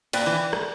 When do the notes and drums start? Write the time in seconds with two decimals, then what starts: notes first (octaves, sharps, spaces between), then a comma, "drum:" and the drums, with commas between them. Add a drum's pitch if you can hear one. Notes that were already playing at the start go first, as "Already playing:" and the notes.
0.13 A#2 B4 D5 G5 B5, drum: cymbal
0.26 E3
0.53 drum: rim click